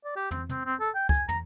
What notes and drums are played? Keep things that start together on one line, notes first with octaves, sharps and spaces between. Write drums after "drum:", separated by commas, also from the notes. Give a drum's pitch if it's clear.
D5
G4
C4, drum: tom
C4, drum: tom
C4
A4
G5
G#5, drum: kick
A#5, drum: tom